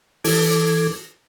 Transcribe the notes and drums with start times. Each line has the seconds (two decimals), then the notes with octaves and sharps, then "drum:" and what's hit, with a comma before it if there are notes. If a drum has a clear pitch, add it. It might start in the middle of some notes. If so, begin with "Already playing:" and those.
0.24 E3 A4 D6 G#6, drum: open hi-hat